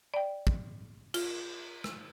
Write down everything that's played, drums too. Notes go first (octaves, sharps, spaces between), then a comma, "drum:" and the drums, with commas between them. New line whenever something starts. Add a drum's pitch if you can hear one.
D5 G5
drum: kick
F4, drum: cymbal
drum: rim click